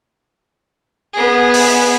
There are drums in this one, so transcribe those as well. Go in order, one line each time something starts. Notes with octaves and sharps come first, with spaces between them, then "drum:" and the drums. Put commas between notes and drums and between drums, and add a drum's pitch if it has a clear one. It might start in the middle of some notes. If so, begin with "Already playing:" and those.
B3 G#4
drum: open hi-hat